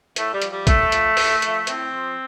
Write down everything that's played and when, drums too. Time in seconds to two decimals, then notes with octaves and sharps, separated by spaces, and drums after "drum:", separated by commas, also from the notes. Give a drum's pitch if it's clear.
0.16 A2 A3, drum: hi-hat
0.33 G3
0.42 F3, drum: hi-hat
0.50 G3
0.67 A2 A3, drum: kick, hi-hat
0.92 F3, drum: hi-hat
1.17 A2, drum: open hi-hat
1.42 F3, drum: hi-hat
1.67 A2 C4, drum: hi-hat
1.93 F3